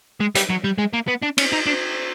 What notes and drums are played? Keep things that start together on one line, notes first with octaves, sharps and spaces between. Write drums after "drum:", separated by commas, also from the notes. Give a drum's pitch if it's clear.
G#3
G3, drum: hi-hat
F#3
G3
G#3
A#3
B3
D4
C#4, drum: cymbal
D#4
D4